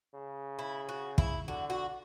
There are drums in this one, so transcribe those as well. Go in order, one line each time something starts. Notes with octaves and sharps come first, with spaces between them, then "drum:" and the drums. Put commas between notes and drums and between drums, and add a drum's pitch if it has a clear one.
C#3
E4
F#4
E4, drum: kick
D3 F#4
F#4